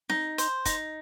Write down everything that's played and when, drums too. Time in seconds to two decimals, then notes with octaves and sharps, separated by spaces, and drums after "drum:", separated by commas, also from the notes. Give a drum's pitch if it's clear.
0.10 D#4, drum: snare C4
0.38 C5, drum: hi-hat
0.65 D#4, drum: kick, hi-hat